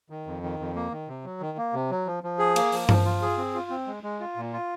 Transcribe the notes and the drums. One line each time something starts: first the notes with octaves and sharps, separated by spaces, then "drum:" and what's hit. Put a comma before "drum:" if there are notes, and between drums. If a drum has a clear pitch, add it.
D#3
F2
D#3
F2
A#3
D#3
C3
F#3
D#3
A#3
C3
F#3
F3
F3
G#4
A#3, drum: cymbal
F3, drum: open hi-hat
F3, drum: tom G2
F4
G#4
C4
F4
C4
G#3
G#3
F4
A#2
F4